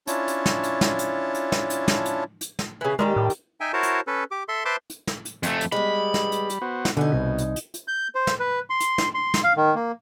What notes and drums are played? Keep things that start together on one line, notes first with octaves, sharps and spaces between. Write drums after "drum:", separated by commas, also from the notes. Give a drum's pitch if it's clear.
C#4 D4 E4 F4 C#5 A5, drum: hi-hat
drum: hi-hat
drum: snare
drum: hi-hat
drum: snare
drum: hi-hat
drum: hi-hat
drum: snare
drum: hi-hat
drum: snare
drum: hi-hat
drum: hi-hat
drum: snare
C#3 E3
D#3 G3 G#3 G4
A2
drum: hi-hat
D#4 E5 G5 G#5
E4 F#4 A#4 C5 C#5 A5
drum: hi-hat
C#4 A4 B4
G4 D6
A4 E5 C6
B4 C5 E5 A5 C6 D6
drum: hi-hat
drum: snare
drum: hi-hat
F2 A3, drum: hi-hat
drum: hi-hat
G3 G#3 B3 B5
drum: snare
drum: hi-hat
drum: hi-hat
B3 F#4 C5
drum: snare
B2 D3 D#4 F#5 G#5
C2
drum: hi-hat
drum: hi-hat
drum: hi-hat
G6
C5
drum: snare
B4
C6
drum: hi-hat
drum: snare
C6
drum: snare
F5
D#3
A#3